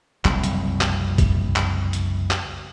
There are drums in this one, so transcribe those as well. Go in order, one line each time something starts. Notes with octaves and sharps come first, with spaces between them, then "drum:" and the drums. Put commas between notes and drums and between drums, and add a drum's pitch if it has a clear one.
F#1 C2 F2, drum: clap
drum: hi-hat
drum: clap
drum: kick, hi-hat
drum: clap
drum: hi-hat
drum: clap